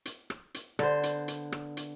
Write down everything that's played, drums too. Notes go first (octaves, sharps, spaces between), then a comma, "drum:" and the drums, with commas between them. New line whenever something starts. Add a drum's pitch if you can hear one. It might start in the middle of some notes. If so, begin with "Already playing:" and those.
drum: hi-hat
drum: rim click
drum: hi-hat
D3 B3 C5, drum: rim click
drum: hi-hat
drum: hi-hat
drum: rim click
drum: hi-hat